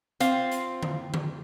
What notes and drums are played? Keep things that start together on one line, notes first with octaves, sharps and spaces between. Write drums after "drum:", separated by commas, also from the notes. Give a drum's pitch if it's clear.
C4 F4, drum: hi-hat
drum: hi-hat
drum: tom D3
drum: tom D3